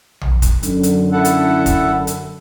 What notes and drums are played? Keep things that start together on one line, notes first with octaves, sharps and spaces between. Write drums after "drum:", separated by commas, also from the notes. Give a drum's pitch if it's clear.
drum: tom A#1
drum: kick F1, hi-hat
F#2 D3, drum: hi-hat
drum: hi-hat
E4 A4 F#5
drum: hi-hat
drum: kick F1, hi-hat
drum: hi-hat